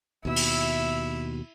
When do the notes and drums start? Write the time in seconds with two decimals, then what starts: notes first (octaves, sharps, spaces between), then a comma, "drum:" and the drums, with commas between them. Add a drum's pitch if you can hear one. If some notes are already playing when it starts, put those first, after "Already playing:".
0.25 D#2 B2 E4 E5
0.36 drum: open hi-hat